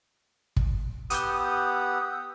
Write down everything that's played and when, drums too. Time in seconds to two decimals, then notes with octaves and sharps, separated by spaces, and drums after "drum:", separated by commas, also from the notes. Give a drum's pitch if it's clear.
0.56 drum: kick
1.10 B3 G4 F#5 D#6 E6 G6, drum: hi-hat